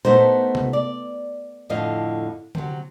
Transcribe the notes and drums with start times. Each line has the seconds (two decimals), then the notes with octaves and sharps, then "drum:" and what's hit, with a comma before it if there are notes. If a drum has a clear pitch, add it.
0.05 A3 B3 D#4 B4 C5, drum: tom A#2
0.55 drum: tom C3
0.73 D5
1.70 F2 A2 D3 D#5 F5
2.55 C3 F#3, drum: tom D3